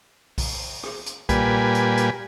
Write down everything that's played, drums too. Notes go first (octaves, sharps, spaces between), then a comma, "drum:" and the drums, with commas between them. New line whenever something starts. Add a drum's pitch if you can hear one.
drum: kick B1, open hi-hat
drum: rim click
drum: hi-hat
A#2 G3 B4 G#5, drum: kick B1, hi-hat
drum: hi-hat
drum: hi-hat